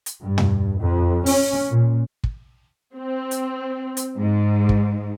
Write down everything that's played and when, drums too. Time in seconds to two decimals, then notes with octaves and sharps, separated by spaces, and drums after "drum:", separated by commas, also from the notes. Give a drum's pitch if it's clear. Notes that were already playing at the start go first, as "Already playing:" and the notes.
0.06 drum: hi-hat
0.22 G2
0.38 drum: tom
0.80 F2
1.26 C#4, drum: open hi-hat
1.69 A#2
2.24 drum: kick
2.96 C4
3.31 drum: hi-hat
3.97 drum: hi-hat
4.18 G#2
4.69 drum: kick